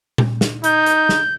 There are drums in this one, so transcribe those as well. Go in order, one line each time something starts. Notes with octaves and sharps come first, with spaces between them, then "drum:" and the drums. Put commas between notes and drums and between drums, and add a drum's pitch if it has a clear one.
drum: tom A#2
drum: snare
D#4 G6, drum: hi-hat
drum: hi-hat
drum: snare